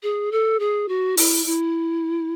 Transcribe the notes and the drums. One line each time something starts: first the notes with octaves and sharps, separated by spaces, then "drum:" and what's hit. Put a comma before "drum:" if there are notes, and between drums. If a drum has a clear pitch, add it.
G#4
A4
G#4
F#4
E4, drum: open hi-hat
E4